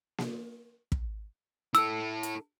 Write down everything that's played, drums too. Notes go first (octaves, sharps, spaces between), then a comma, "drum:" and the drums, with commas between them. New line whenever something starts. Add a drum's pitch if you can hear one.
drum: snare A#3
drum: kick
E4 A4 E6, drum: hi-hat
drum: hi-hat